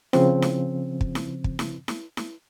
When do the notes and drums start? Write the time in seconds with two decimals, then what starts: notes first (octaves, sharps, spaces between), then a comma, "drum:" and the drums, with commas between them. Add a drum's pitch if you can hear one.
0.13 C#3 F3 C4, drum: snare E4
0.42 drum: snare E4
1.01 drum: kick
1.15 drum: snare E4
1.44 drum: kick
1.59 drum: snare E4
1.88 drum: snare E4
2.17 drum: snare E4